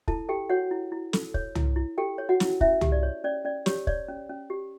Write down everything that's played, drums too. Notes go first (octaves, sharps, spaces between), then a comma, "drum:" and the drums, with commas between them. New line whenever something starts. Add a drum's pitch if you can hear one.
E4 A4 A5, drum: kick
G4 A4 G5
F#4 C#5 F#5
E4
E4
A4, drum: snare
C#5, drum: kick
E4, drum: tom
E4
G4 A4 G5
C#5
F#4 F#5
E4, drum: snare
C#4 E4 E5, drum: kick
G4, drum: tom
D5
C#5
C#4 D5
C#4 D5
G4 C#5, drum: snare
C#5 D5, drum: kick
C#4
C#4
G4